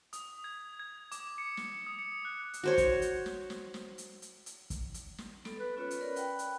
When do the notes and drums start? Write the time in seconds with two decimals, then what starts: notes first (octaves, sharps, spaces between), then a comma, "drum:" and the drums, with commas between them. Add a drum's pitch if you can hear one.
0.13 D#6, drum: hi-hat
0.44 G#6
0.80 G#6
1.12 D6, drum: hi-hat
1.38 C#7
1.57 drum: snare
1.87 D#6
1.99 C#7
2.25 F#6
2.54 drum: hi-hat
2.64 F#4 C5 C#5
2.78 drum: kick, hi-hat
3.02 drum: hi-hat
3.26 drum: snare
3.50 drum: snare
3.74 drum: snare
3.98 drum: hi-hat
4.22 drum: hi-hat
4.46 drum: hi-hat
4.70 drum: kick, hi-hat
4.94 drum: hi-hat
5.18 drum: snare
5.45 B3 A4, drum: snare
5.59 B4
5.77 C#4 F4 B4 C#5
5.91 drum: hi-hat
6.01 A#4 D5 B5
6.16 F#5 G5 B5, drum: hi-hat
6.39 drum: hi-hat